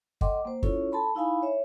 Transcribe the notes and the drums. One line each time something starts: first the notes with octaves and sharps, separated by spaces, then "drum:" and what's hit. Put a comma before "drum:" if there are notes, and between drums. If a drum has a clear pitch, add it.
A4 D#5 F#5 G5 C6 D6, drum: kick
A#3 C5
C#4 E4 F4 A4 C#5, drum: kick
A4 A5 B5 C6
D#4 E4 F5 G#5 B5
C#5 E5